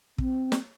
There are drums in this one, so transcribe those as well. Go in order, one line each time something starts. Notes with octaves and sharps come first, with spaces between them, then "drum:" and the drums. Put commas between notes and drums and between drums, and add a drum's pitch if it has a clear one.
C4, drum: kick
drum: snare